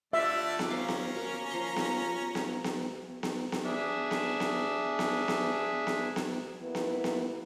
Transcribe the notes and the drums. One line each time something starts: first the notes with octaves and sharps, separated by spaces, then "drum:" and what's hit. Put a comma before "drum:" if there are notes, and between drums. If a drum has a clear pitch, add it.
D3 A3 F4 G4 D5 E5
drum: snare B3
C#4 C5 F5 A#5 D6
drum: snare B3
A#3 F#4 A#4
F3 C6
drum: snare B3
drum: snare B3
drum: snare B3
drum: snare B3
drum: snare B3
D4 G#4 E5
drum: snare B3
drum: snare B3
drum: snare B3
drum: snare B3
drum: snare B3
drum: snare B3
A#3 B3 E4 B4
drum: snare B3
drum: snare B3